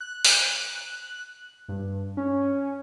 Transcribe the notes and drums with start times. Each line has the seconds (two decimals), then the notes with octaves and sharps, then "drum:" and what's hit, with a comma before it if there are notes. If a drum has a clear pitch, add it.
0.01 F#6
0.25 drum: open hi-hat
1.69 G2
2.17 C#4